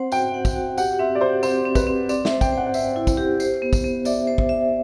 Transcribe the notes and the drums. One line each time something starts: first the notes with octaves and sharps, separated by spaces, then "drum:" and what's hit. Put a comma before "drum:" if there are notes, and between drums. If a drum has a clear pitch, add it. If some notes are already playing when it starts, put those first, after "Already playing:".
Already playing: C4 C5 F#5
F#4 G5, drum: tambourine
F#5
drum: kick, tambourine
F#4
G4 F#5, drum: tambourine
C4 E5
D5
G4 C5
C4 C5, drum: tambourine
C4
B4, drum: kick, tambourine
C4
C4 D5, drum: tambourine
E5, drum: snare
C5
G5, drum: kick, tambourine
C5 F#5
F#5
C5 E5, drum: tambourine
E4
drum: kick, tambourine
G4
C5, drum: tambourine
B3
drum: kick, tambourine
B3
D5 E5, drum: tambourine
C5
drum: kick
E5